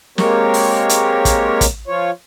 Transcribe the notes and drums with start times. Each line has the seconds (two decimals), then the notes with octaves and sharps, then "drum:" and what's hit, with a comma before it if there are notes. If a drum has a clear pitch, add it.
0.18 G#3 A#3 C4 G4 A#4 C#5, drum: snare
0.54 drum: open hi-hat
0.89 drum: hi-hat
1.25 drum: kick, hi-hat
1.61 drum: kick, hi-hat
1.88 F3 F4 C#5